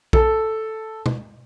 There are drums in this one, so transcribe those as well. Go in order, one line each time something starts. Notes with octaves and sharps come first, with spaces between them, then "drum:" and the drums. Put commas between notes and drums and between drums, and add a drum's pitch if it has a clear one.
A4, drum: kick A#1
drum: tom